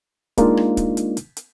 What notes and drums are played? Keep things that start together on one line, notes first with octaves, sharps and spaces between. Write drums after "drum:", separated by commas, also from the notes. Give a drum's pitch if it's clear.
G#3 A#3 D4 D#4 F4, drum: kick C#1, hi-hat
drum: rim click
drum: kick C#1, hi-hat
drum: hi-hat
drum: hi-hat
drum: hi-hat